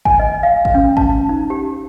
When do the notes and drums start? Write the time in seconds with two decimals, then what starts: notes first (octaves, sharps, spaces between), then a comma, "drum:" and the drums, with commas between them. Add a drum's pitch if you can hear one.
0.05 G#5, drum: kick G1
0.19 D#5
0.43 F5
0.65 drum: kick G1
0.75 C#4
0.97 A5, drum: kick G1
1.29 D#4
1.50 G4